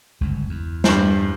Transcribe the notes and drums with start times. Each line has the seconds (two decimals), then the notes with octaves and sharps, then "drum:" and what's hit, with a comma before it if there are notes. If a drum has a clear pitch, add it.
0.21 G1 C#2 F#2
0.49 E2
0.84 G2 C5, drum: snare